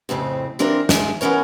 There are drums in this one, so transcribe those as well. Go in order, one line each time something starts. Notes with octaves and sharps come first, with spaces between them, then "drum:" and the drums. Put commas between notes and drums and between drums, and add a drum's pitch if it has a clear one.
F2 A2 C#3 C4
E3 C4 D4 F4 A#4
G#3, drum: snare
E3 B3 C#4 A#4 C#5